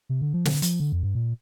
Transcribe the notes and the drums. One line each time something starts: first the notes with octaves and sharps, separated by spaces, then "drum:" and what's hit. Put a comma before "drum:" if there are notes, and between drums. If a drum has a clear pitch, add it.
C3
D3
F3
D3, drum: snare
F3, drum: hi-hat
D3
F2
G2
A#2